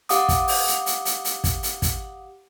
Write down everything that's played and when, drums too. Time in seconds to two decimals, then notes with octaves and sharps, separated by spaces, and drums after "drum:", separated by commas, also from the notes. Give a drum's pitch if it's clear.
0.09 G4 F5 F#5 D6 D#6, drum: hi-hat
0.29 drum: kick, hi-hat
0.48 drum: open hi-hat
0.67 drum: hi-hat
0.86 drum: hi-hat
1.05 drum: hi-hat
1.24 drum: hi-hat
1.44 drum: kick, hi-hat
1.63 drum: hi-hat
1.82 drum: kick, hi-hat